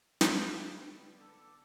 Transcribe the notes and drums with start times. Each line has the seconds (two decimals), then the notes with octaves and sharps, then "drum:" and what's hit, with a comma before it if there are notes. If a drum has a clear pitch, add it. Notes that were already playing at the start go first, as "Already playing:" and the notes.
0.21 G3, drum: snare
0.67 D3 B3
1.16 A4 D6